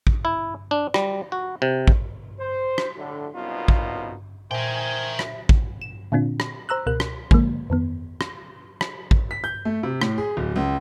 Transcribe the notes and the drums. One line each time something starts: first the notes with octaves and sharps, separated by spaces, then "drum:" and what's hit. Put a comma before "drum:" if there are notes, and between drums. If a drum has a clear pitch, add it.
drum: kick
E4
D4
G3, drum: rim click
F#4
C3
drum: kick
C5
drum: rim click
A2 D3
C2 F#2 B2 B3 D#4 F4
drum: kick
A#2 A#4 C5 E5 G5 G#5
drum: rim click
drum: kick
E7
A#2 D3 C4 D4 F4
drum: rim click
C5 A#5 E6 F#6
C#2 B2 A#4 F#6
drum: rim click
D3 F3 G#3 A#3, drum: kick
F2 D#3 B3
drum: rim click
drum: rim click
drum: kick
B6
G6
A3
C3
A2, drum: rim click
G#4
D1
C#2